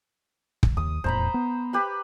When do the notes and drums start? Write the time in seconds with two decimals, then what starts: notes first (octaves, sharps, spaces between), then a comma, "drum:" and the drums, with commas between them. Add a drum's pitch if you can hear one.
0.63 drum: kick
0.77 D#2 D#6
1.04 D#1 E2 A2 C5 A#5 B5
1.34 B3
1.73 G4 B4 B5